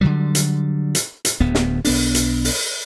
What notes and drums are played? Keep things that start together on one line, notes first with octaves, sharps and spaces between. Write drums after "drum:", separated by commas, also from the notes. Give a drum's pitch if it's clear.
D3 D#3 F#3 G3
drum: hi-hat
drum: hi-hat
drum: hi-hat
D1 D2 B3
drum: snare
B1 B3 D4, drum: open hi-hat
drum: hi-hat
drum: open hi-hat